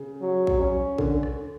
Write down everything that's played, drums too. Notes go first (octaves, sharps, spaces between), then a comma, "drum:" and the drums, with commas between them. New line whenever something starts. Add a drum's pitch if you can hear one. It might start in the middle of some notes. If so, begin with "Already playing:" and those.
Already playing: C#3
F#3
drum: kick A#1
C#4
D3, drum: kick A#1
drum: rim click